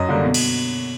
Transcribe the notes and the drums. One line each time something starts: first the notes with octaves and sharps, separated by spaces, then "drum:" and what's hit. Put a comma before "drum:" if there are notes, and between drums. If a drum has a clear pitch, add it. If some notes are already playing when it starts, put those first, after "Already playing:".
Already playing: F#2 D#5
D3 G3 A#3
B2
drum: cymbal